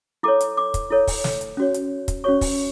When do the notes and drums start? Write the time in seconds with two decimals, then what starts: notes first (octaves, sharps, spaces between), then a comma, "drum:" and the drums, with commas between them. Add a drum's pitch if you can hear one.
0.23 E4 A4 C#5 D6
0.41 drum: hi-hat
0.57 D6
0.74 drum: kick, hi-hat
0.91 E4 A4 C#5
1.07 drum: kick, open hi-hat
1.24 drum: snare
1.41 drum: hi-hat
1.57 C#4 F#4 C#5
1.74 drum: hi-hat
2.08 drum: kick, hi-hat
2.24 C#4 F#4 C#5 C#6
2.41 drum: kick, open hi-hat